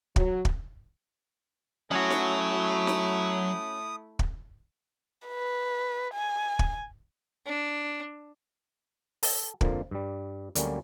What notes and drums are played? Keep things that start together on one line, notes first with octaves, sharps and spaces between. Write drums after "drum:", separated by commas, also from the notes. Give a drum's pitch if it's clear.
F#3, drum: kick
drum: kick
F#3 A3 C#4 E4 F#4 D#6
drum: snare
drum: snare
drum: kick
B4
G#5
drum: kick
D4
A4, drum: open hi-hat
F2 D3 F3 A#3, drum: kick
G2 G3
D2 D3 F#3 G3 A#3 C#4, drum: hi-hat